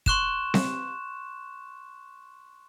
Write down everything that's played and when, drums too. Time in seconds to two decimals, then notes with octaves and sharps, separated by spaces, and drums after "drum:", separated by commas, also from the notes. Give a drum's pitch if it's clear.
0.06 C6 C#6 F#6 E7, drum: kick
0.54 drum: snare C4